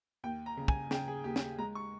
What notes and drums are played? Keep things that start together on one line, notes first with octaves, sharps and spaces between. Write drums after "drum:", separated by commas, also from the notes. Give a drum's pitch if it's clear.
D#2 G5
A#5
C#3
G#5, drum: kick
C#3 G5, drum: snare
G#4
D#2 G4
drum: snare
G#3 A#5
C#6